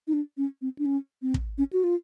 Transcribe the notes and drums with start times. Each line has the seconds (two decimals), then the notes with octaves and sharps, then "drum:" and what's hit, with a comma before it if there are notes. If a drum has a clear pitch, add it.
0.08 D#4
0.13 D4
0.37 C#4
0.62 C4
0.79 D4
0.86 C#4
1.22 C4
1.34 drum: kick
1.58 C#4
1.73 F#4
1.84 F4